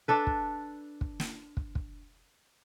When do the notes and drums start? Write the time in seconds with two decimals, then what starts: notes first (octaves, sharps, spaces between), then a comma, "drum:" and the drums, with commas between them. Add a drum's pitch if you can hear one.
0.08 D4 A4 B4
0.27 drum: kick
1.01 drum: kick
1.20 drum: snare
1.57 drum: kick
1.75 drum: kick